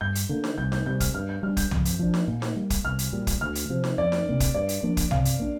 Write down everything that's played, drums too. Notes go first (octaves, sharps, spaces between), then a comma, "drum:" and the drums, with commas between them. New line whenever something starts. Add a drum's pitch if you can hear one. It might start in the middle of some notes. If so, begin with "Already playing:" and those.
G2 G6
drum: hi-hat
D3 A#3
drum: snare D#4
C2 G6
G6, drum: snare D#4
C3 G3 G6
F6, drum: kick, hi-hat
G2 F6
G6
G3 D4 F6
G6, drum: kick, hi-hat
F2, drum: tom
drum: hi-hat
F3 D4
drum: snare D#4
A#2
drum: snare D#4
G3 A#3
drum: kick, hi-hat
C2 F6
drum: hi-hat
A#2 G3
drum: kick, hi-hat
D2 F6
drum: hi-hat
C3 F3
drum: snare D#4
F2 D5
drum: snare D#4
C3 A#3 D4
drum: kick, hi-hat
G2 D5
drum: hi-hat
F3 A#3 D4
drum: kick, hi-hat
C3 F5, drum: tom
drum: hi-hat
A#3 D4